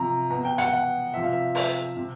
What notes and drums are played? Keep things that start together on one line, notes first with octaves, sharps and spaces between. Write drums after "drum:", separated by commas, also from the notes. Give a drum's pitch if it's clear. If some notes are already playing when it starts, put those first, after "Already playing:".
Already playing: C3 F3 A#5
B2 A#5
G5
F#5, drum: hi-hat
G5
F#5
C3 F3 E5
F5
E5
E5, drum: open hi-hat
C3